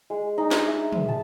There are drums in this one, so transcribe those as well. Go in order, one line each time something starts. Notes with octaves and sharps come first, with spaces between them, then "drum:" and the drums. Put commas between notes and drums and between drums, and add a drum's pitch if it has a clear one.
G#3
D#4
drum: snare
E5
drum: tom
A5